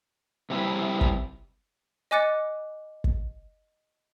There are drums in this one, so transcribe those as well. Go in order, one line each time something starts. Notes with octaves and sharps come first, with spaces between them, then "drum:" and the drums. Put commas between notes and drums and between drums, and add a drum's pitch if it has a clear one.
C3 G3 E4 B4
drum: kick
D#5 G#5 D6 F#6 A6 C#7
drum: kick